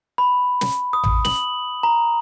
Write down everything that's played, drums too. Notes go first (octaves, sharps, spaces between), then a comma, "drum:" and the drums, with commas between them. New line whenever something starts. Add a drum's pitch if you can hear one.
B5
drum: snare
D#6
drum: tom A1
F#7, drum: snare
A#5